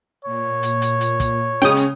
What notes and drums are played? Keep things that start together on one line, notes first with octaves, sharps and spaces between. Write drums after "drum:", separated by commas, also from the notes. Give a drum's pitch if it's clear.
A#2 C#5
drum: hi-hat
drum: hi-hat
drum: hi-hat
drum: kick, hi-hat
C#3 G#3 C#4 G5 D#6
drum: hi-hat